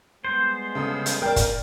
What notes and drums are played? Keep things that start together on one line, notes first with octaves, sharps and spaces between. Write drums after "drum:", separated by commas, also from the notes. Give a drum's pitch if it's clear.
G3 G#3 B3 C5
C#3 A4 D#6
drum: hi-hat
A#4 D5 G5 F6
drum: kick, hi-hat